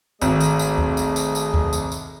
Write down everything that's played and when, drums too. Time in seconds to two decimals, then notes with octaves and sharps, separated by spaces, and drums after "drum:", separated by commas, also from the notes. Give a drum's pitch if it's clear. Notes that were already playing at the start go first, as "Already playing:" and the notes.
0.22 G#1 A3 G#4 D#5, drum: tambourine
0.40 drum: tambourine
0.59 drum: tambourine
0.78 drum: kick D2
0.97 drum: tambourine
1.16 drum: tambourine
1.35 drum: tambourine
1.54 drum: kick D2
1.73 drum: tambourine
1.92 drum: tambourine